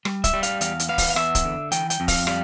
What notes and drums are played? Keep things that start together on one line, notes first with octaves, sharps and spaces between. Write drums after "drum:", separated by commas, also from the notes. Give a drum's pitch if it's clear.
G3, drum: rim click
E5, drum: kick, hi-hat
G3
F5, drum: hi-hat
E2 F5, drum: hi-hat
drum: hi-hat
B3 F5
drum: kick, open hi-hat
F5
E2 E5, drum: rim click
drum: kick, hi-hat
D3
E3 G5, drum: hi-hat
G5, drum: hi-hat
F2
F5, drum: kick, open hi-hat
G3 F5, drum: rim click